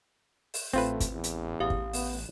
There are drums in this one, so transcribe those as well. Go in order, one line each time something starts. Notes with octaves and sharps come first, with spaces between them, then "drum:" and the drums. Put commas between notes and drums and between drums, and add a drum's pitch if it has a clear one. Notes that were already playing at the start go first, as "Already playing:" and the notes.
drum: open hi-hat
A1 A3 C4 F4 B4
drum: kick, hi-hat
E2
drum: hi-hat
A1 G4 F5 D#6
drum: kick
B3, drum: open hi-hat